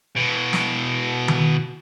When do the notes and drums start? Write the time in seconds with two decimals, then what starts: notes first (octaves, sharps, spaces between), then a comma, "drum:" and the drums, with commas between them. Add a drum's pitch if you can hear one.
0.16 B2 E3
0.53 drum: snare
1.28 drum: tom D#3